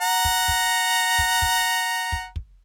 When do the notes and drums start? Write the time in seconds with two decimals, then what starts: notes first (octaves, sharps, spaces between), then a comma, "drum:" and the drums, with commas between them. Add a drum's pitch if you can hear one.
0.01 F#5 A#5
0.25 drum: kick
0.48 drum: kick
1.19 drum: kick
1.42 drum: kick
2.12 drum: kick
2.36 drum: kick